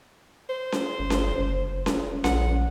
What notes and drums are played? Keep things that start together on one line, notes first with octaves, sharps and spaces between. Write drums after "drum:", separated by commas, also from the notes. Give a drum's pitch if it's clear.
C5
drum: snare C#4
G1
drum: snare C#4
F#1
drum: snare C#4
A#1 F#5, drum: snare C#4